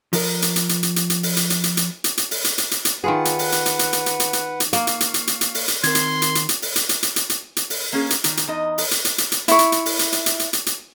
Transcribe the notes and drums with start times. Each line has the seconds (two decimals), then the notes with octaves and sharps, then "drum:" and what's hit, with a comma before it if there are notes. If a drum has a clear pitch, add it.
0.13 F3 A#4, drum: open hi-hat
0.42 drum: hi-hat
0.56 drum: hi-hat
0.69 drum: hi-hat
0.83 drum: hi-hat
0.96 drum: hi-hat
1.10 drum: hi-hat
1.23 drum: open hi-hat
1.37 drum: hi-hat
1.50 drum: hi-hat
1.64 drum: hi-hat
1.77 drum: hi-hat
2.04 drum: hi-hat
2.17 drum: hi-hat
2.31 drum: open hi-hat
2.44 drum: hi-hat
2.58 drum: hi-hat
2.71 drum: hi-hat
2.85 drum: hi-hat
3.04 D#3 F4 G#4 B4 F#5
3.25 drum: hi-hat
3.39 drum: open hi-hat
3.52 drum: hi-hat
3.66 drum: hi-hat
3.79 drum: hi-hat
3.93 drum: hi-hat
4.06 drum: hi-hat
4.20 drum: hi-hat
4.33 drum: hi-hat
4.60 drum: hi-hat
4.73 A#3 F5 C#6, drum: hi-hat
4.87 drum: hi-hat
5.00 drum: hi-hat
5.14 drum: hi-hat
5.27 drum: hi-hat
5.41 drum: hi-hat
5.54 drum: open hi-hat
5.68 drum: hi-hat
5.83 D#3 C4 A#4 C6 G#6, drum: hi-hat
5.95 drum: hi-hat
6.22 drum: hi-hat
6.35 drum: hi-hat
6.49 drum: hi-hat
6.62 drum: open hi-hat
6.76 drum: hi-hat
6.89 drum: hi-hat
7.03 drum: hi-hat
7.16 drum: hi-hat
7.30 drum: hi-hat
7.56 drum: hi-hat
7.70 drum: open hi-hat
7.93 A#3 C#4 G#4
8.10 drum: hi-hat
8.24 D#3, drum: hi-hat
8.37 drum: hi-hat
8.47 E2 D#4 D#5
8.78 drum: open hi-hat
8.91 drum: hi-hat
9.05 drum: hi-hat
9.18 drum: hi-hat
9.32 drum: hi-hat
9.48 E4 C#6, drum: hi-hat
9.59 drum: hi-hat
9.72 drum: hi-hat
9.86 drum: open hi-hat
9.99 drum: hi-hat
10.13 drum: hi-hat
10.26 drum: hi-hat
10.39 drum: hi-hat
10.53 drum: hi-hat
10.66 drum: hi-hat